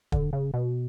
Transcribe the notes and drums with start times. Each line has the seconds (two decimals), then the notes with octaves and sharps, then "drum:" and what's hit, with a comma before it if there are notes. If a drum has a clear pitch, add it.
0.12 D3, drum: kick
0.33 C#3
0.54 B2